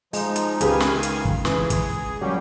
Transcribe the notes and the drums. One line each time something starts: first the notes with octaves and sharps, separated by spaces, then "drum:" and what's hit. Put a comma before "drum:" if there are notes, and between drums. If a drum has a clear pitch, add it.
F3 G#3 D#4, drum: open hi-hat
drum: hi-hat
C#2 D#3 G4 G#4 B4 F5 G#5, drum: hi-hat
drum: snare
drum: hi-hat
drum: kick
E3 G#4, drum: snare
drum: kick, hi-hat
F#3 G3 A#3 C#4 G4